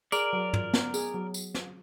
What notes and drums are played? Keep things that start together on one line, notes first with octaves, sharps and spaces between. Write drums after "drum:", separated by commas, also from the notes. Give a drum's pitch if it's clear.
G#4 A#4 D5, drum: tambourine
F#3
F4, drum: tom
B3, drum: snare
G#4, drum: tambourine
F#3
drum: tambourine
drum: snare